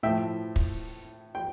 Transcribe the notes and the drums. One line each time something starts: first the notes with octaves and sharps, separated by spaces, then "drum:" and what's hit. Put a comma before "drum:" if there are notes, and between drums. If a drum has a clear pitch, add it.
A2 F3 E5 G5
drum: kick
G5